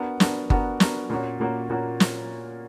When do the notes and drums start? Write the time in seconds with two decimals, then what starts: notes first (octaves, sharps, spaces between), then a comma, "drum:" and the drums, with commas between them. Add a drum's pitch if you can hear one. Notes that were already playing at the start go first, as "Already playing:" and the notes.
Already playing: B3 D4 F#4 A#4
0.20 B3 D4 F#4 A#4, drum: snare
0.50 B3 D4 F#4 A#4, drum: kick G1
0.80 B3 D4 F#4 A#4, drum: snare
1.10 A#2 A#3 C#4 F#4
1.40 A#2 A#3 C#4 F#4
1.70 A#2 A#3 C#4 F#4
2.00 drum: snare